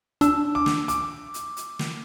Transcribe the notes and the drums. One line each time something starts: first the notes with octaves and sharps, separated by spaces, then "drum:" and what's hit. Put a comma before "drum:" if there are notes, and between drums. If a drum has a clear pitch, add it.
D4 E6, drum: hi-hat
D6
drum: snare
D6, drum: hi-hat
drum: hi-hat
drum: hi-hat
drum: snare